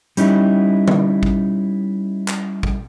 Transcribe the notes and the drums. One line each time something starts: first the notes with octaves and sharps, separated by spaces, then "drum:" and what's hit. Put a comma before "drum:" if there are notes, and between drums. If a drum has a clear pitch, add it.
G3 C#4 D#4 E4, drum: hi-hat
drum: tom D3
drum: kick
drum: clap
drum: kick